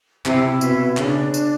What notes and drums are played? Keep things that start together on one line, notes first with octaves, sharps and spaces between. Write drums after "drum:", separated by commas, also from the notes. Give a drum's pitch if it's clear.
C3 E4, drum: clap
B2, drum: tambourine
C#3 D4, drum: clap
drum: tambourine